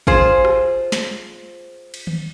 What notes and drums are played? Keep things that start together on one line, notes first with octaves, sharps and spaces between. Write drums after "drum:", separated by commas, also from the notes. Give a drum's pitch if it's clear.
F4 G#4 C5, drum: kick
drum: rim click
drum: snare
drum: cymbal
drum: tom D#3